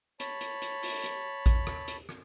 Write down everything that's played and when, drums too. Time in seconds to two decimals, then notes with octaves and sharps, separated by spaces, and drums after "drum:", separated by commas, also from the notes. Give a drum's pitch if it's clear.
0.20 C#5 A5 B5, drum: hi-hat
0.41 drum: hi-hat
0.62 drum: hi-hat
0.83 drum: open hi-hat
1.04 drum: hi-hat
1.46 drum: kick A1, hi-hat
1.67 drum: rim click
1.88 drum: hi-hat
2.09 drum: rim click